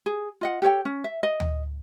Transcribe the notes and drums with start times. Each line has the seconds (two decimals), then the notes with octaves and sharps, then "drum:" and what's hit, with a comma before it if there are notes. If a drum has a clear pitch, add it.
0.06 G#4
0.41 F4 D#5 F#5
0.62 G4 A4 C#5 G5
0.85 C#4
1.04 E5
1.23 D#5
1.40 drum: tom D2